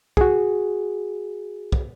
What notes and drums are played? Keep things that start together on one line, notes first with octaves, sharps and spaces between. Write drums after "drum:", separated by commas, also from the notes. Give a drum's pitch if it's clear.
F#4 G#4, drum: kick
drum: kick